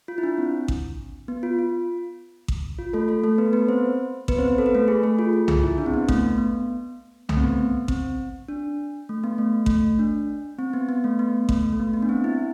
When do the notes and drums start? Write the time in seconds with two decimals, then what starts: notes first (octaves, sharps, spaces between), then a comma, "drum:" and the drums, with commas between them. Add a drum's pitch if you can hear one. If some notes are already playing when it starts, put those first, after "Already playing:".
0.08 F4
0.18 E4
0.23 D4
0.38 C4
0.68 drum: kick A1
1.28 B3
1.43 F4
1.59 F4
2.48 drum: kick A1
2.79 F4
2.93 A3 A4
3.08 A3 A4
3.24 A3 A4
3.38 B3 B4
3.53 B3 B4
3.68 C4 C5
4.28 B3 B4, drum: kick A1
4.38 C4 C5
4.48 B3 B4
4.58 A4
4.66 B4
4.75 A3 A4
4.88 G#4
5.03 A3 A4
5.19 F4
5.33 F4
5.48 G#4, drum: tom C2
5.63 E4
5.78 D4
5.86 C4
5.94 B3
6.08 A3, drum: kick A1
6.18 B3
6.38 B3
7.29 A3, drum: tom C2
7.37 C4
7.44 B3
7.88 C4, drum: kick A1
8.49 D4
9.09 A3
9.24 B3
9.38 A3
9.66 A3, drum: kick A1
9.99 D4
10.59 C4
10.73 B3
10.89 B3
11.04 A3
11.19 B3
11.49 A3, drum: kick A1
11.73 A3
11.79 B3
11.94 B3
12.03 D4
12.09 C4
12.24 E4